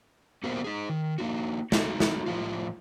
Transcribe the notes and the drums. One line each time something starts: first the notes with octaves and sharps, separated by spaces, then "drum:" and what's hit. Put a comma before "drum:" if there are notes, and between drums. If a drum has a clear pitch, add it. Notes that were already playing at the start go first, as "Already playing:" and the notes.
A#3 B3 F#4 G4 A#4 C5
D#4 G#4
D#3
A#3 D#4 F#4
D#4 F#4, drum: snare
drum: snare
A2 F3 F4